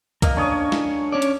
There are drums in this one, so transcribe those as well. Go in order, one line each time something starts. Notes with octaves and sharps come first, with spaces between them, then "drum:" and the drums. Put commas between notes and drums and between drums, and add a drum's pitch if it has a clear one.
A#3 D#4 A#4 D#5, drum: kick C2, hi-hat
C#4 D4 C#5 D#6
drum: snare
C#4 C#5 D5
drum: hi-hat